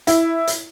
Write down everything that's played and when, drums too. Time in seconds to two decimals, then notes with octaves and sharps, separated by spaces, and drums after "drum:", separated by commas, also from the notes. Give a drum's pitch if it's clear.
0.07 E4, drum: hi-hat
0.47 drum: hi-hat